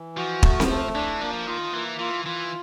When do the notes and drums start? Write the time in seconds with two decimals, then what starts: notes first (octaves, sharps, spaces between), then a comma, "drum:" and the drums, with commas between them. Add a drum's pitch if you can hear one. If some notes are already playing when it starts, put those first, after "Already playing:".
Already playing: E3
0.17 F3 F#4
0.43 A3, drum: kick
0.60 drum: snare C4
0.69 A3
0.94 E3 D4
1.21 F3 A#3
1.47 D#3 F4
1.73 E3 A#3
1.99 E3 F4
2.25 E3 F4